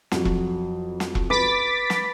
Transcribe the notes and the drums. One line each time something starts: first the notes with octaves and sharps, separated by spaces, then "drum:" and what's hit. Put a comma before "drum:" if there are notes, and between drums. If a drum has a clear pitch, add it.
F2 F#3, drum: snare
drum: kick E1
drum: snare
drum: kick E1
B4 D6 A6 B6
drum: snare